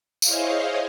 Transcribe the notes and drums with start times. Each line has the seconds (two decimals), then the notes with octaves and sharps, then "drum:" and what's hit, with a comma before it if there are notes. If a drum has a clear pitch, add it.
0.22 E4 G#4 C5 C#5 D#5 F5, drum: tambourine